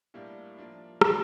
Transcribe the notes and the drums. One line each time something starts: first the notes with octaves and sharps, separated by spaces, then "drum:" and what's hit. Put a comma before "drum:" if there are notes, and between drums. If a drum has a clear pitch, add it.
A2 G3 A#3 D4 G4
F3 A#3 D4 F4
A#2 G3 D4 G4, drum: rim click